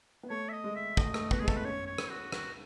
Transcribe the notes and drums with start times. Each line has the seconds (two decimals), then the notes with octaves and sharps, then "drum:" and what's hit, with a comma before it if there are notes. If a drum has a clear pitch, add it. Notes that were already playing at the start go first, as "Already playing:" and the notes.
0.23 B3
0.30 A3 C#5
0.49 E5
0.52 D#5
0.64 G#3
0.75 E5
0.97 A3 D#5, drum: kick
1.14 A3, drum: rim click
1.31 B3 F#4, drum: kick
1.40 G#3 G#4
1.48 A3 A4, drum: kick
1.57 B4
1.65 C#4 C#5
1.87 C#5
1.98 drum: rim click
2.10 F#4
2.32 F#4, drum: rim click